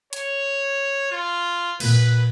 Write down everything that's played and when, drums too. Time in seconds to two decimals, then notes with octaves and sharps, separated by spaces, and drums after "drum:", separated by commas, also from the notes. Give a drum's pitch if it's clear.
0.13 C#5, drum: hi-hat
1.11 F4
1.80 A#2 B4, drum: cymbal